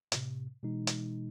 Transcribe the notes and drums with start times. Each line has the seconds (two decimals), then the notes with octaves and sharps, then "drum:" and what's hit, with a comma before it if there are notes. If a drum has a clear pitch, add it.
0.12 A2 C3, drum: hi-hat
0.63 B2 E3 G#3 D#4
0.87 drum: hi-hat